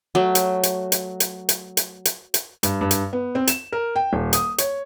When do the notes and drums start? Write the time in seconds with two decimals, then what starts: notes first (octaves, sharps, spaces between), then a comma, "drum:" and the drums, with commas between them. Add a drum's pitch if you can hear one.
0.15 F#3 A3
0.35 drum: hi-hat
0.63 drum: hi-hat
0.92 drum: hi-hat
1.20 drum: hi-hat
1.49 drum: hi-hat
1.77 drum: hi-hat
2.05 drum: hi-hat
2.34 drum: hi-hat
2.63 G2, drum: hi-hat
2.81 G2
2.91 drum: hi-hat
3.13 B3
3.35 C4
3.47 E7, drum: hi-hat
3.72 A#4
3.96 G5
4.13 D#1
4.33 D#6, drum: hi-hat
4.58 C#5, drum: hi-hat